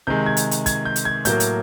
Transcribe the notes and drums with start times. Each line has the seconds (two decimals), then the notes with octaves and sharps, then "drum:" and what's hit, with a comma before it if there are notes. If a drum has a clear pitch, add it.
0.07 C3 D#3 G#3 G6
0.26 G#6
0.37 drum: hi-hat
0.51 drum: hi-hat
0.66 G#6, drum: kick, hi-hat
0.85 G6
0.96 drum: hi-hat
1.05 G#6
1.25 A2 F#3 A#3 G6, drum: hi-hat
1.40 drum: hi-hat